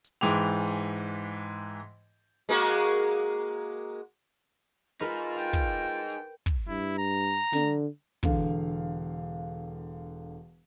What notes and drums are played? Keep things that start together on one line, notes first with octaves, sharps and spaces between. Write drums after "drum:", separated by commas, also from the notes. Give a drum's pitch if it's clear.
drum: hi-hat
G#2 E3 G#3 G5 D6 F7
drum: open hi-hat
G#3 A#3 F#4
D#4 F4 G#4 A#4 B4
G5, drum: hi-hat
drum: kick
drum: hi-hat
drum: kick
G2 E4
A#5
D3, drum: snare
E1 D3 F5, drum: kick